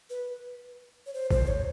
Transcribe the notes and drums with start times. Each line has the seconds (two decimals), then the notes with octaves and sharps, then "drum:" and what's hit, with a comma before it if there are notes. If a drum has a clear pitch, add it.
0.10 B4
1.06 C#5
1.14 C5
1.31 C5, drum: kick
1.47 C#5